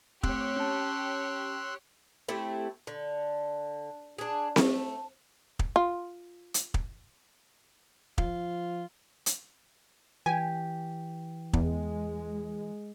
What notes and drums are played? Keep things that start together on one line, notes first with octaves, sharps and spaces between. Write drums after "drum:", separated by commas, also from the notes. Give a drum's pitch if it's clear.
A3 C4 G4 C#5 C6 E6 F#6, drum: kick
C#4 A5
A3 C4 E4 G4
D3
D4 G#4
A3, drum: snare C4
drum: kick
F4
drum: hi-hat
drum: kick
F3 F4, drum: kick
drum: hi-hat
E3 G4 G#5
E2 G#3, drum: kick